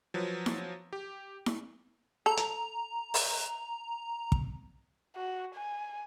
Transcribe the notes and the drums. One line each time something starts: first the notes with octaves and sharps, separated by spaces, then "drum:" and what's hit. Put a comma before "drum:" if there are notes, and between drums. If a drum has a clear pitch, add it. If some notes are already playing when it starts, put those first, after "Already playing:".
F3 F#3 B4
drum: snare E4
G4
drum: snare E4
A4 A#5
drum: hi-hat
drum: open hi-hat
drum: kick
F#4
G#5